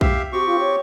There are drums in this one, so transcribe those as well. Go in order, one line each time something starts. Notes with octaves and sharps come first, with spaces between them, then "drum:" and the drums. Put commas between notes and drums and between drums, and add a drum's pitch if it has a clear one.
G4 E5 F5, drum: kick B1
C4 F#4 G4 C#6
F4
C#5